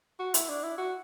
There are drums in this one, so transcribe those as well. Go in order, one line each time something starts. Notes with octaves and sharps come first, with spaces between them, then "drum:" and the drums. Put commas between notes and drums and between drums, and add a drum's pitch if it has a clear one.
F#4
E4, drum: hi-hat
D4
E4
F#4